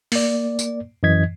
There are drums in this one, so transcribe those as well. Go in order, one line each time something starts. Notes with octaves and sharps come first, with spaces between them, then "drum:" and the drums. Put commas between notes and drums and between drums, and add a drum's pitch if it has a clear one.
A#3 D5, drum: open hi-hat
drum: tambourine
F#2 E3 D#5 G#6 B6